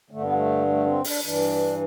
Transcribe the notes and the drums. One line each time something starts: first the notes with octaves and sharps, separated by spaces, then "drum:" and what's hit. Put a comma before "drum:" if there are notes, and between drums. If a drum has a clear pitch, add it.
G2 D3 A3
B3
A3
A3
C4
D4, drum: open hi-hat
G2 E3 D4